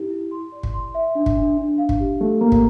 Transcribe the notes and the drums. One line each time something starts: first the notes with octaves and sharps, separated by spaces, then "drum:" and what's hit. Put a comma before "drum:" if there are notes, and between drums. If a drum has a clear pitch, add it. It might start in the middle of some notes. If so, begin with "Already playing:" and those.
Already playing: E4 G4
E4
C6
D5
drum: kick
C6
E5
D4
drum: kick
D4
D4
F5
drum: kick
G4
A3 G4
A#3 A#5
drum: kick